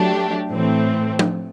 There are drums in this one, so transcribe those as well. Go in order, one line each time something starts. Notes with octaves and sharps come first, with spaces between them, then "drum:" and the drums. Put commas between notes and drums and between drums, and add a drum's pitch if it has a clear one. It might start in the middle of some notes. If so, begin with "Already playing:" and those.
Already playing: F#3 A3 D4 G4
A2 E3 A3 C4
drum: tom F3